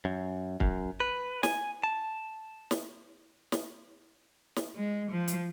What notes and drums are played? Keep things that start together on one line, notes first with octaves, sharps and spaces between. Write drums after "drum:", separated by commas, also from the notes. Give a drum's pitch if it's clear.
F#2
F#2, drum: kick
B4
G#5, drum: snare
A5
drum: snare
drum: snare
drum: snare
G#3
F3
drum: hi-hat